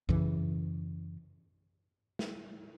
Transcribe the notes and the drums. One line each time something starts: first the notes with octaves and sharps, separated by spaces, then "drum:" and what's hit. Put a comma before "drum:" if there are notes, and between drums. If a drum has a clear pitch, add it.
F#2 C#3 E3, drum: kick A#1
drum: snare